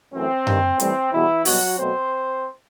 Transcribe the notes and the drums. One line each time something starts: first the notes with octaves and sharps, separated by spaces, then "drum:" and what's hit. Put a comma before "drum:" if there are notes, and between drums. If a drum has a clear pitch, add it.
F#2 E3 A3 C4
G2 D#3 G3, drum: tom F#2
A2 E3 G3 C4, drum: hi-hat
E2 B2 E3 G3 E4
B2 F#3 G3 F#4, drum: open hi-hat
B2 F#3 A3 C4 C5